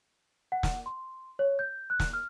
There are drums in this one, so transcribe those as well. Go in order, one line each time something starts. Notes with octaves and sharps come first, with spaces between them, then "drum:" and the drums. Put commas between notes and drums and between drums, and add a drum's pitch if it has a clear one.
F#5
drum: snare
C6
C#5
G6
F#6
drum: snare
F6